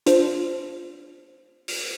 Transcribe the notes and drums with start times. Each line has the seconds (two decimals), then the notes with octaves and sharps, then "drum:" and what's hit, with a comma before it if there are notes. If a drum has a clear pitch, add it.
0.06 D4 F4 C5, drum: hi-hat
1.68 drum: open hi-hat